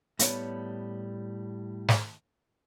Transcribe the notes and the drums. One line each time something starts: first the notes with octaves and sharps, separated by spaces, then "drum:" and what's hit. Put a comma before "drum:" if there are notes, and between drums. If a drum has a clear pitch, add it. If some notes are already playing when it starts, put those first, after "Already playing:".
A2 G3 B3 C#5, drum: hi-hat
drum: snare